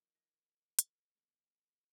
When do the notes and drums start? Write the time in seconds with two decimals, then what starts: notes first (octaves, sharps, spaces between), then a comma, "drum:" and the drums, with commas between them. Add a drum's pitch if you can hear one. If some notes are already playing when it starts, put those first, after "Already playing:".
Already playing: F3 A#3 D#4
0.15 A#6
0.79 drum: hi-hat
1.14 D#3 G#3 C4